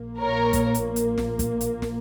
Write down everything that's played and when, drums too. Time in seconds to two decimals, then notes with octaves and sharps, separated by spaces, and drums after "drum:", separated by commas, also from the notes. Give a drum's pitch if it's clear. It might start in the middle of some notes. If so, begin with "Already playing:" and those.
Already playing: A#1 A#2 A#3
0.20 A#4 C#5
0.53 drum: kick, hi-hat
0.74 drum: hi-hat
0.96 drum: hi-hat
1.18 drum: snare
1.39 drum: kick, hi-hat
1.61 drum: hi-hat
1.82 drum: snare